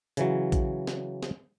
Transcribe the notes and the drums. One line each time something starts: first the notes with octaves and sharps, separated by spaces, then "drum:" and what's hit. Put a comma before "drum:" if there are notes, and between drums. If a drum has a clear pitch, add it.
C#3 E3 F#3, drum: hi-hat
drum: kick A#1, hi-hat
drum: snare
drum: snare